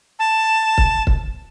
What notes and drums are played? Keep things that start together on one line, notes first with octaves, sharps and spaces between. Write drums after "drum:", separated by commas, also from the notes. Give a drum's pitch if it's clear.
A5
drum: kick
drum: kick